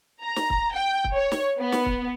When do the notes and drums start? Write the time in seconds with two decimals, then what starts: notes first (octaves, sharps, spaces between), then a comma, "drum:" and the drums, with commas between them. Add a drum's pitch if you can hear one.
0.23 A#5
0.36 drum: snare
0.50 drum: kick
0.73 G5
1.04 drum: kick
1.14 C#5
1.32 drum: snare
1.59 B3
1.72 drum: snare
1.86 drum: kick